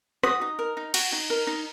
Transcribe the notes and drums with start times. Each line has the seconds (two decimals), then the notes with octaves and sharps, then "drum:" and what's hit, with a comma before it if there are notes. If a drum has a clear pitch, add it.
0.23 F#4 D#6, drum: rim click
0.41 D#4
0.59 A#4
0.77 D#4
0.94 F#4, drum: cymbal
1.12 D#4
1.30 A#4
1.47 D#4